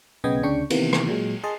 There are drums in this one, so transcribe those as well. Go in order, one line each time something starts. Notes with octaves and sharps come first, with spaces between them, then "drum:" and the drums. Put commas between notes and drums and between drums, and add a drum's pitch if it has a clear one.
B1 C#3 B3 D#5 G5 G#6
D2 C#3 D4 G5 C#6
C3 D#3 E3 A#3 B3, drum: cymbal
drum: rim click
A#2 F#3 G#3
G#4 D#5 A5 C6